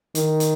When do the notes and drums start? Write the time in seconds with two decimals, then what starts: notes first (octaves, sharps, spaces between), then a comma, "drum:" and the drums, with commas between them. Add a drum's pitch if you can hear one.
0.15 D#3, drum: hi-hat
0.40 drum: hi-hat